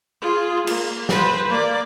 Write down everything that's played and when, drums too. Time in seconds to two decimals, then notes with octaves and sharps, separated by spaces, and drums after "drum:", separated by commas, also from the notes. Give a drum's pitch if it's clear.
0.21 F4 G#4
0.67 A#3, drum: cymbal
1.09 B4 C5, drum: snare
1.50 A#3 D5